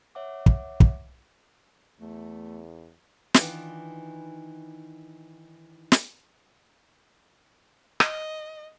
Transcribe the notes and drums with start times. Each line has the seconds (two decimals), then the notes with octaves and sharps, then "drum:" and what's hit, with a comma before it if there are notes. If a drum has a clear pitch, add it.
0.15 C#5 E5 F#5 D6
0.46 drum: kick
0.80 drum: kick
2.00 E2 A3
3.34 D#3 E3 D4 F4, drum: snare
5.92 drum: snare
8.00 D#5, drum: rim click